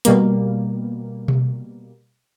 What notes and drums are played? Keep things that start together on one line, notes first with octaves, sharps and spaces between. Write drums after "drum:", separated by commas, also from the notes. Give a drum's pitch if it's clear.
B2 G3 A#3, drum: hi-hat
drum: tom B2